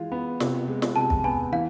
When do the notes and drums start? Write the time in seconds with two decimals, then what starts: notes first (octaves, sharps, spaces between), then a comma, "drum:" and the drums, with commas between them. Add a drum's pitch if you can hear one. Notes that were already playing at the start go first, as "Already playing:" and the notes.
Already playing: E3 G#3 F4
0.12 B3
0.40 C3, drum: snare
0.68 G#3
0.82 drum: snare
0.96 C3 A5
1.10 drum: kick
1.24 B3 G#5
1.52 E3 F5